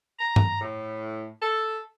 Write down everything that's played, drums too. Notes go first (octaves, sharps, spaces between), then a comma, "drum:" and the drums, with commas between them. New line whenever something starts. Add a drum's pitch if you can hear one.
A#5
drum: tom G2
A2
A4